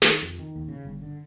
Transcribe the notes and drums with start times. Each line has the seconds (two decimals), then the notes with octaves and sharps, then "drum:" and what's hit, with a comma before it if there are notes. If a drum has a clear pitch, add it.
0.02 D#3, drum: snare
0.22 F2
0.38 D#3
0.56 D#2
0.68 C#3
0.85 G1
1.02 D3